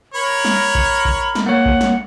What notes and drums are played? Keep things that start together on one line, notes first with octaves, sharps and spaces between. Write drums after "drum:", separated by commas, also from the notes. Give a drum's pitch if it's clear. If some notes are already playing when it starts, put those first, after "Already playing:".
A#4 C#5 B5
drum: snare
drum: kick A#1
drum: kick A#1
drum: snare
A#3 C#5 F#5
drum: kick A#1
drum: snare